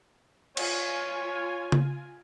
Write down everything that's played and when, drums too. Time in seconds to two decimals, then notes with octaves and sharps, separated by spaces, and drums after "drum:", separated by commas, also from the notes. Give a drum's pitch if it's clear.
0.57 F4 C#5 G#5, drum: cymbal
1.72 drum: tom C#3